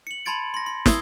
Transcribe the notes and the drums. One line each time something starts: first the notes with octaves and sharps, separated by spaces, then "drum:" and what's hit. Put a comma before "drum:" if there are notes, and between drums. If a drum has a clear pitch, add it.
C#7 F#7
A5 B5 C6 G#6 A6 D7
C6 A#6
C6
D#6 E6 G#6 C7 G7, drum: snare